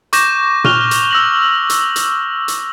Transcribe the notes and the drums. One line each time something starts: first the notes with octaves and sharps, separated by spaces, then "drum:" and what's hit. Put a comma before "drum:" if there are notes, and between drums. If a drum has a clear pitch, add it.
C#6 D6 G6 A#6 E7, drum: hi-hat
C#6 F6 F#6 F7 G7, drum: tom A#2
drum: hi-hat
E6 A#6 F#7
drum: hi-hat
drum: hi-hat
drum: hi-hat